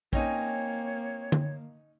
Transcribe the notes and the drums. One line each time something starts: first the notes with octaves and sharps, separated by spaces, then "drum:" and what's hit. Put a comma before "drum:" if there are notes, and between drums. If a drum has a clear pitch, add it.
A#3 C4 C#4 D#4 C#5 G#5, drum: kick
drum: tom D3